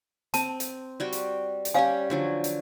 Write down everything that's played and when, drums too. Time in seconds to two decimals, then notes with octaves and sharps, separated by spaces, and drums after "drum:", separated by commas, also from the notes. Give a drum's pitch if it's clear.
0.34 C4 A5, drum: hi-hat
0.60 drum: hi-hat
1.00 G3 F#4 G5
1.13 drum: hi-hat
1.65 drum: hi-hat
1.74 G3 C#4 G4 F5 G#5
2.10 D3 F3 F#3
2.44 drum: hi-hat